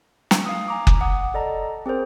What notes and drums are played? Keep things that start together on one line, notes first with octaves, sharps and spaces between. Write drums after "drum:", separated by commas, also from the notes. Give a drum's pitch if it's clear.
drum: snare
F5 D#6
G#5 A#5 D6
drum: kick F#1
F#5 D6 D#6
A4 D5 D#5 A5 A#5
C4 G#4 A#4 C5